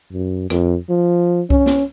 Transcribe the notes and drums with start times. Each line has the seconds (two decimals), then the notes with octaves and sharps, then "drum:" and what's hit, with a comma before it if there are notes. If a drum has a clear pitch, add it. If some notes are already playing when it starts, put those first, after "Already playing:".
0.13 F#2
0.50 F2, drum: rim click
0.89 F3
1.50 C#4, drum: kick C2
1.66 drum: snare